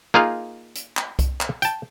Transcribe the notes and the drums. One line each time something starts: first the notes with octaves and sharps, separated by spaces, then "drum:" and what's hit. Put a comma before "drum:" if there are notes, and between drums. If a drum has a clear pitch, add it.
A#3 D#4 F4 G#4 F5
drum: hi-hat
drum: clap
drum: kick C2, hi-hat
drum: clap
G5 A5, drum: hi-hat